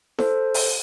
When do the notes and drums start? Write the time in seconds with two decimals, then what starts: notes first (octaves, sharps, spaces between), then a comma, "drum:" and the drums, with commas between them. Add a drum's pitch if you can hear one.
0.19 A4 C5, drum: snare E4
0.54 drum: open hi-hat